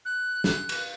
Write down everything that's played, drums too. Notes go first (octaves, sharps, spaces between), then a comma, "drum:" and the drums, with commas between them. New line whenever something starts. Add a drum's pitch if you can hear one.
F#6
F#6, drum: snare
drum: cymbal